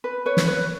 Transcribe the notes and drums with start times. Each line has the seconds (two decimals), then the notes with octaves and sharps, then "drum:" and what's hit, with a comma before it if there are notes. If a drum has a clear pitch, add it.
0.04 B4
0.26 B4 C#5
0.37 drum: snare
0.48 B4 C#5